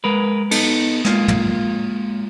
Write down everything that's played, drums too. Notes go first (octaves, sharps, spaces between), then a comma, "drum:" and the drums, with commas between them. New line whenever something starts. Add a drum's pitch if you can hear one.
G#3 A#4 B4
B3 D#4 A4, drum: cymbal
G#3 A#3 F4, drum: snare
drum: tom